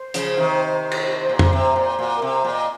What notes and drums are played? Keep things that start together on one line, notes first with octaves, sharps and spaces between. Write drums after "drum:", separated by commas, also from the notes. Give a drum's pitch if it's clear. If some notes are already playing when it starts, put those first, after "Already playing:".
Already playing: C5
C#3 F3, drum: hi-hat
C3 D#3
drum: cymbal
A#2
drum: tom
C3
A#2
A#2 F#4
A#4
C3
C5
A#2
D#5